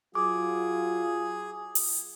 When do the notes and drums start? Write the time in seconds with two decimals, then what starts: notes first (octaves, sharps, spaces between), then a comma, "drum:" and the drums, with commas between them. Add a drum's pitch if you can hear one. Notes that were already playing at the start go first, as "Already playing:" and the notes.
0.15 F#3 F4 G#4 D6
1.75 drum: open hi-hat